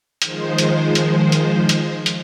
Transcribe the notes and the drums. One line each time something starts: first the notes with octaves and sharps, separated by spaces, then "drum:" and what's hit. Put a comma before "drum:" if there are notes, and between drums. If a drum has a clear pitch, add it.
D#3 F3 G#3 C5, drum: hi-hat
drum: hi-hat
drum: hi-hat
drum: hi-hat
drum: hi-hat
drum: hi-hat